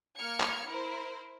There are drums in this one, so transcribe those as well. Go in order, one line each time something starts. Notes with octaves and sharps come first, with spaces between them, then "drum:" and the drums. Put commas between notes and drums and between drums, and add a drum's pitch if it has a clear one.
A#3 F6 G#6 C#7
drum: clap
E4 A#4 C5